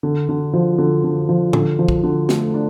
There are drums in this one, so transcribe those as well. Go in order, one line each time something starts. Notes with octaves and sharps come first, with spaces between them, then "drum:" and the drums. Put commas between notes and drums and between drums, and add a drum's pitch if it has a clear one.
D3
D3
F3
D3
D3
F3
D3, drum: tom
F3
drum: kick
D3
A3, drum: snare
D4